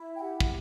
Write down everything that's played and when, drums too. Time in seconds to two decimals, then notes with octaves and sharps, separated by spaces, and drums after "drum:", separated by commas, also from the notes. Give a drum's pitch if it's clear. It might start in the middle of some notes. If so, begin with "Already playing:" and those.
Already playing: E4
0.17 G5
0.21 G4 F#5
0.40 drum: kick